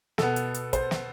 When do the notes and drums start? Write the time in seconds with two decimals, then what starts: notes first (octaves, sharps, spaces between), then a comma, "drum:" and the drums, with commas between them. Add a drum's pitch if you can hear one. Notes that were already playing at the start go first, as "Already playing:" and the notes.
0.18 B2 B3 A4, drum: snare
0.36 drum: hi-hat
0.54 drum: hi-hat
0.73 C5, drum: kick, hi-hat
0.91 drum: snare